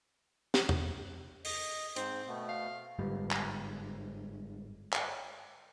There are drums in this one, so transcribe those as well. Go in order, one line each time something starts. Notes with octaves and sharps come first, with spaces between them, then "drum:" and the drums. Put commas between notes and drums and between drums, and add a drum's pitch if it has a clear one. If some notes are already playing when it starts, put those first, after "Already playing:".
drum: snare
drum: tom E2
D#5, drum: open hi-hat
G#2 C4 C5, drum: hi-hat
B2 A3 B3
F5
G1 G#2 G3
drum: clap
drum: clap